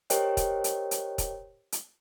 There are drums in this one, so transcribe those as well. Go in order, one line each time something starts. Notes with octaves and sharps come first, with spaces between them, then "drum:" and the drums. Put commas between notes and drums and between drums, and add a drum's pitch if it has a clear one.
G4 A#4 C5 C#5 D#5 G5, drum: hi-hat
drum: kick, hi-hat
drum: hi-hat
drum: hi-hat
drum: kick, hi-hat
drum: hi-hat